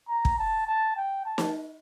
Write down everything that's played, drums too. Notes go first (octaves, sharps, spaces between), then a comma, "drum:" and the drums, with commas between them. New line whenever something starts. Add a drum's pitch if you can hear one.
A#5
drum: kick
A5
A5
G5
A5
drum: snare